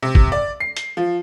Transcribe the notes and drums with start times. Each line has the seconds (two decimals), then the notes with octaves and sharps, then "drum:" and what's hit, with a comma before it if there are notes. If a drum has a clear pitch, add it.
0.03 C3
0.15 drum: kick
0.32 D5
0.60 C7
0.77 drum: hi-hat
0.97 F3